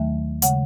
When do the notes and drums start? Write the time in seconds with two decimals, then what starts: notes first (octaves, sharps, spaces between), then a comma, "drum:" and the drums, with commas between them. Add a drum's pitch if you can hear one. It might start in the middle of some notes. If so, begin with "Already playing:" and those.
Already playing: D#2 D#3 F#3 A3 E5
0.42 C#3 G#3 F#5, drum: hi-hat